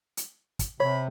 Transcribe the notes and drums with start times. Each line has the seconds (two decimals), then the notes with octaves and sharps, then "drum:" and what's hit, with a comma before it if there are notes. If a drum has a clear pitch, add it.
0.17 drum: hi-hat
0.59 drum: kick, hi-hat
0.80 C3 C#5 B5